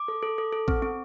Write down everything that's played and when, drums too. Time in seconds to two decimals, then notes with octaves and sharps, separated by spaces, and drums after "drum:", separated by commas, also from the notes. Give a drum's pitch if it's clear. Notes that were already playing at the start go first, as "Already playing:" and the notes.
Already playing: D6
0.08 A4
0.23 A4
0.38 A4
0.53 A4
0.68 C4, drum: kick A1
0.82 C4